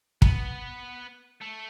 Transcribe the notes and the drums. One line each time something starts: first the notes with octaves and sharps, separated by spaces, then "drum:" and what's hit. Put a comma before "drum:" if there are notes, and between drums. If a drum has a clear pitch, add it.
B3, drum: kick
A3